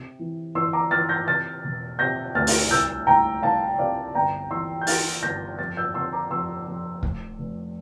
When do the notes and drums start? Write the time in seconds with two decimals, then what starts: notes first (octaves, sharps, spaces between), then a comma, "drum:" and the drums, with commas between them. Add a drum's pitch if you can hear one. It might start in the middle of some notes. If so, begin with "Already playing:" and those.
Already playing: C3
0.19 E3
0.55 E3 C6 E6
0.73 A#5 D6
0.91 E3 F6 A6
1.09 G6 A#6
1.27 C3 F6 A6
1.64 E1
1.99 C3 G6 A#6
2.35 D2 F6 A6
2.47 drum: open hi-hat
2.71 C2 E6 G6
3.07 C2 G5 A#5
3.42 C2 F5 A5
3.79 C3 D5 F5
4.15 G1 G5 A#5
4.51 E3 C6 E6
4.81 G6
4.87 E3 F6 A6, drum: open hi-hat
5.23 G1 G6 A#6
5.58 F2 F6 A6
5.77 E6 G6
5.94 C3 C6 E6
6.13 A#5 D6
6.31 F2 C6 E6
6.67 F2
7.03 F1, drum: kick
7.38 F1